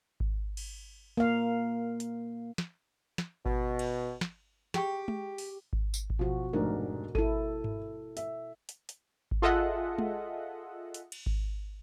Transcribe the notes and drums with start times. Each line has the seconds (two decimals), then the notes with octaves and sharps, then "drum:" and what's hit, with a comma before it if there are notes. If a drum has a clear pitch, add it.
0.20 drum: kick G#1
0.57 drum: cymbal
1.17 A#3 F5
2.00 drum: hi-hat
2.58 drum: snare
3.18 drum: snare
3.46 B2, drum: kick G#1
3.79 drum: cymbal
4.21 drum: snare
4.74 G4 G#4 G5 C#6, drum: snare
5.08 drum: tom G#3
5.38 drum: open hi-hat
5.73 drum: kick G#1
5.94 drum: tambourine
6.10 drum: kick G#1
6.19 B2 F3 F#4
6.53 F1 G#2 D4 A#4
7.15 E4 A4 D#7, drum: kick G#1
7.64 drum: tom G#2
8.17 E5, drum: hi-hat
8.69 drum: hi-hat
8.89 drum: hi-hat
9.31 drum: kick G#1
9.42 F4 G#4 A4 D#5 E5 F#5
9.99 drum: tom G#3
10.94 drum: hi-hat
11.12 drum: cymbal
11.26 drum: kick G#1